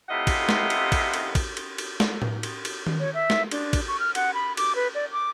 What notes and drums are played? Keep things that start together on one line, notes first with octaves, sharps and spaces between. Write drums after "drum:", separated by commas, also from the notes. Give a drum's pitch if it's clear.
A2 C3 E4 F4 D#5 F#5
drum: kick, cymbal
drum: snare
drum: cymbal
drum: kick, cymbal
drum: cymbal
drum: kick, cymbal
drum: cymbal
drum: cymbal
drum: snare
drum: tom A2
drum: cymbal
drum: cymbal
drum: tom D#3
C#5
E5
drum: snare
D4, drum: cymbal
drum: kick, cymbal
C#6
F6
F#5, drum: cymbal
B5
D6, drum: cymbal
B4
D5
D6